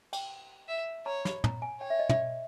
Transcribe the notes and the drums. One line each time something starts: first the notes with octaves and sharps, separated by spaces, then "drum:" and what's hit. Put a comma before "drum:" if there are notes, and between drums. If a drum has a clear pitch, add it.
G5, drum: cymbal
E5
C#5 A#5
B5, drum: snare
A#5, drum: tom
G#5
C#5 G5
E5
D#5
E5, drum: tom